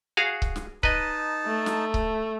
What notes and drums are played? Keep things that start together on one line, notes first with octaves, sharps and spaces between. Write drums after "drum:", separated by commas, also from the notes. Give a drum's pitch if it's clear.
F#4 G#4 F5
drum: kick C#1
drum: snare
D#4 B4 D#5 A5, drum: kick C#1
A3
drum: snare
drum: kick C#1